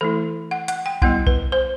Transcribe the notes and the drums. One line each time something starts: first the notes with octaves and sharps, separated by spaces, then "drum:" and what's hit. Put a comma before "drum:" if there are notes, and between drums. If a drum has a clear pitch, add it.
E3 A3 E4 A4
F#5
F#5, drum: hi-hat
G5
G3 B3 E4 F#5, drum: kick B1
B4, drum: kick B1
C5